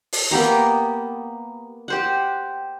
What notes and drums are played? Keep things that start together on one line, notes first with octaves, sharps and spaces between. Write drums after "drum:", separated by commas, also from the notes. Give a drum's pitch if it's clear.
drum: open hi-hat
A#3 B3 G4 A#5
G4 C5 F#5